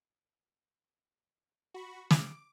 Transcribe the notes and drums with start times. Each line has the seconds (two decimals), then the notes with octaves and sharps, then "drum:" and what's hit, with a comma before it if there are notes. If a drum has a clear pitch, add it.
1.74 F#4 B5 C#6
2.11 D6 D7, drum: snare